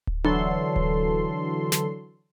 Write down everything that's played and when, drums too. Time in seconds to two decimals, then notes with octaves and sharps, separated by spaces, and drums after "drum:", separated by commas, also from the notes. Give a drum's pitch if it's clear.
0.07 drum: kick D1
0.24 D3 E3 F#3 A4 C6, drum: tom D4
0.76 drum: kick D1
1.72 drum: snare